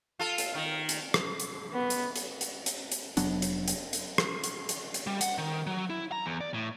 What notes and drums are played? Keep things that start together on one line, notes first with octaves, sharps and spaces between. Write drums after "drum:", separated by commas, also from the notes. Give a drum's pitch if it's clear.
F4 A4
drum: hi-hat
D#3
drum: hi-hat
drum: rim click
drum: hi-hat
B3
drum: hi-hat
drum: hi-hat
drum: hi-hat
drum: hi-hat
drum: hi-hat
F1 F#3 B3 D4, drum: hi-hat
drum: hi-hat
drum: hi-hat
drum: hi-hat
drum: rim click
drum: hi-hat
drum: hi-hat
drum: hi-hat
G3
F#5, drum: hi-hat
D#3
F#3
E4
A#5
E2
D5
A2